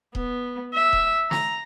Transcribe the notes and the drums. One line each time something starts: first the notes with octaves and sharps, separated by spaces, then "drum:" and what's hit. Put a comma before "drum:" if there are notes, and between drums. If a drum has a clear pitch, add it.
B3, drum: kick D#1
E5
drum: kick D#1
A#5, drum: snare